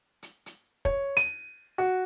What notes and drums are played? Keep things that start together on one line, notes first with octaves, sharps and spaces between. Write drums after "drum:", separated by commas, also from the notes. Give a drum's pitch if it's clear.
drum: hi-hat
drum: hi-hat
C#5, drum: kick
D#7, drum: hi-hat
F#4